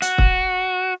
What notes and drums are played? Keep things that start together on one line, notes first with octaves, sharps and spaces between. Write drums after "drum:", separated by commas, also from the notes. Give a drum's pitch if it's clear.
F#4, drum: hi-hat
drum: kick